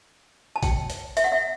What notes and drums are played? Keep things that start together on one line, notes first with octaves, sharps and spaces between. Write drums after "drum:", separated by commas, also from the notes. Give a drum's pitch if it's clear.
A5
G5, drum: kick A1, hi-hat
drum: hi-hat
E5, drum: hi-hat
F#5
E5